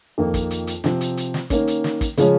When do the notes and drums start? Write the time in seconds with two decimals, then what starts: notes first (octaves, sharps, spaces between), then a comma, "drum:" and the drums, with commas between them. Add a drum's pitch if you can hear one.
0.18 F2 D#3 A#3 D#4
0.34 drum: kick, hi-hat
0.51 drum: hi-hat
0.67 drum: hi-hat
0.84 C3 F3 C4, drum: snare
1.01 drum: hi-hat
1.17 drum: hi-hat
1.34 drum: snare
1.50 D#3 A#3 C#4, drum: kick, hi-hat
1.67 drum: hi-hat
1.84 drum: snare
2.01 drum: kick, hi-hat
2.17 C#3 F3 G#3 C#4, drum: hi-hat